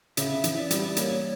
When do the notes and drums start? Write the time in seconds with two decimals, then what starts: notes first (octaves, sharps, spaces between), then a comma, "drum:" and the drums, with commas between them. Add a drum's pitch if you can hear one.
0.17 C#3 E5, drum: hi-hat
0.44 E3, drum: hi-hat
0.57 D5
0.71 G3, drum: hi-hat
0.97 A#3 C#5, drum: hi-hat